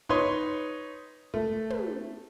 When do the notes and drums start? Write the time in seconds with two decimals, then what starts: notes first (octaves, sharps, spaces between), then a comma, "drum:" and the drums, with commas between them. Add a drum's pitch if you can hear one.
0.09 D#4 B4 C#5 C6, drum: kick
1.34 A3, drum: kick
1.70 drum: tom